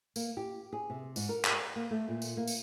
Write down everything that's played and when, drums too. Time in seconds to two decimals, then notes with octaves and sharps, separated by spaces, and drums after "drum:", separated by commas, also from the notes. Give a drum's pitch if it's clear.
0.16 A#3, drum: tambourine
0.37 G4
0.73 G#4
0.90 C3
1.16 G#2, drum: tambourine
1.29 A#4
1.44 drum: clap
1.76 A#3
1.91 A3
2.08 A#2
2.22 drum: tambourine
2.37 A#3
2.47 drum: tambourine